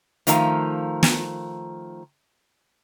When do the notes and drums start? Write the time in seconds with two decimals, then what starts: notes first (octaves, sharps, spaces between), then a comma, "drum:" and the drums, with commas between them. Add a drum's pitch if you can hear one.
0.27 D#3 F3 A3 F5 A#5, drum: hi-hat
1.03 drum: snare